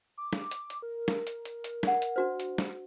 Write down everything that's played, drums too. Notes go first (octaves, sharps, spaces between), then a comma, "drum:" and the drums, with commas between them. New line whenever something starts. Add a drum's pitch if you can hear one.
D6
drum: snare
drum: hi-hat
drum: hi-hat
A#4
drum: snare
drum: hi-hat
drum: hi-hat
drum: hi-hat
D5 F#5, drum: snare
drum: hi-hat
D4 F#4 C5
drum: hi-hat
drum: snare